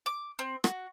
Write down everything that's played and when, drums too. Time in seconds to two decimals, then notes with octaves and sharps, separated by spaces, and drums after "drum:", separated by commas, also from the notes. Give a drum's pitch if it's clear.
0.06 D6
0.39 C4
0.64 F#4, drum: rim click